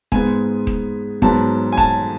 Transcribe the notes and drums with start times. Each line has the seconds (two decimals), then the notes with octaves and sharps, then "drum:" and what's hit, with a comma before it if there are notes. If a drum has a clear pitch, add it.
0.12 G#2 G#3 B3 G#5, drum: kick D#1
0.67 drum: kick D#1
1.22 G#2 F#3 B3 A5, drum: kick D#1
1.72 G#5
1.77 A5, drum: kick D#1